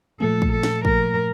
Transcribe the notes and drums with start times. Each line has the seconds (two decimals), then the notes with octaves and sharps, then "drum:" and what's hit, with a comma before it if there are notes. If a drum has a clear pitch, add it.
0.20 A#2 F3 A3 A4, drum: tom
0.42 drum: kick
0.52 A4
0.63 drum: snare
0.85 A#2 F3 A3 A#4, drum: kick